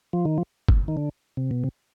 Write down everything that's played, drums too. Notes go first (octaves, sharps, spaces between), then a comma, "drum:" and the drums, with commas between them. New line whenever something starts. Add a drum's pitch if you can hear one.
F3
D#3
F3
drum: kick
D#3
D3
C3
B2
C3